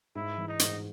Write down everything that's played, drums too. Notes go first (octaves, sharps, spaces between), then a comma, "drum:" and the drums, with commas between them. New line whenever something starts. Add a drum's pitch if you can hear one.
G#2 E4
E3
D#4
G#2, drum: hi-hat